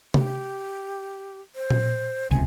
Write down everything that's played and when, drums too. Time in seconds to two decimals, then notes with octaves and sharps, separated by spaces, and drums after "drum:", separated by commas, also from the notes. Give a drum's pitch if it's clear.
0.14 G4, drum: tom C3
1.56 C5
1.70 drum: tom A#2
2.31 D#1 C#2 C3 G#5